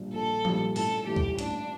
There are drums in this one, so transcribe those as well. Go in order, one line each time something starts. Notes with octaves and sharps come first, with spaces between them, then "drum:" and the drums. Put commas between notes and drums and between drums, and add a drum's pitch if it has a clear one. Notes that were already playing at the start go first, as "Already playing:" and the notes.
Already playing: A#1 A#2 G3 D4
A#1 A4
A#2 G3 D4, drum: tom F3
A1 A4, drum: open hi-hat
G2 E3 G4
drum: kick C#2
A1 D4, drum: hi-hat